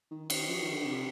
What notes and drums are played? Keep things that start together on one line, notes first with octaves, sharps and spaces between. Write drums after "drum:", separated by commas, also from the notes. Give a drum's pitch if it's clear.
D#3
D#3, drum: cymbal
F3
D#3
D3
C3